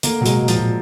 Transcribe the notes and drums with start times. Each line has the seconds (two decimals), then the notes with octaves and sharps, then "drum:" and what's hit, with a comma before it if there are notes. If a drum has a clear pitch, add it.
0.03 D3 A#3, drum: hi-hat
0.21 A#2 F#3
0.26 B2 G#3, drum: hi-hat
0.42 B2
0.48 A#2 F3, drum: hi-hat
0.60 A#2